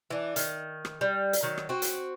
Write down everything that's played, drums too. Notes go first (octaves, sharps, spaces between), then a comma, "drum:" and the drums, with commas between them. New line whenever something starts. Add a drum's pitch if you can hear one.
E3 D4
D#3, drum: hi-hat
drum: rim click
G3
drum: hi-hat
D#3 F#3
drum: rim click
C4 F#4
drum: hi-hat